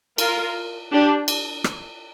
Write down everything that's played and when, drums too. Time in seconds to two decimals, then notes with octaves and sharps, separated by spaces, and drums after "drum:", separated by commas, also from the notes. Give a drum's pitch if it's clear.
0.18 F4 A#4, drum: cymbal
0.92 D4 G4
1.28 drum: cymbal
1.64 drum: rim click